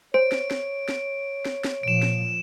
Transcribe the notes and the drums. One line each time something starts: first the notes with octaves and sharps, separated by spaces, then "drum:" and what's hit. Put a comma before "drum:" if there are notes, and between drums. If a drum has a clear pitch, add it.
C5 C#5 D7
drum: snare
drum: snare
drum: snare
drum: snare
drum: snare
A#2 F3 D7 E7
drum: snare